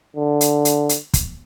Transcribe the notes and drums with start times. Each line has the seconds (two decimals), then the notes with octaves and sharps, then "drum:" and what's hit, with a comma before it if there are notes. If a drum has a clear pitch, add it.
0.16 D3
0.41 drum: hi-hat
0.65 drum: hi-hat
0.89 drum: hi-hat
1.14 drum: kick, hi-hat